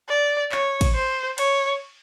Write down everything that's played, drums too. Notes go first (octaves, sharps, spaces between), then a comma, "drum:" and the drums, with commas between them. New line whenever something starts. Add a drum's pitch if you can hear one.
D5
C#5, drum: clap
drum: kick, cymbal
C5
C#5, drum: cymbal